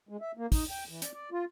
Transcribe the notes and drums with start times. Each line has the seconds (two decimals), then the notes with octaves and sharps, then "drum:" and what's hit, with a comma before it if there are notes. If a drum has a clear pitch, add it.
0.09 G#3
0.21 E5
0.37 A#3
0.52 D#4, drum: kick, open hi-hat
0.70 G5
0.89 E3
1.02 D5, drum: hi-hat
1.13 D5
1.32 F4